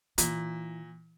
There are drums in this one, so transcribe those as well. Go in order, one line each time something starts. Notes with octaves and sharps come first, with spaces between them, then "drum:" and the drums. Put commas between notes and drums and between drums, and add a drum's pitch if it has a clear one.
A#2 E3, drum: hi-hat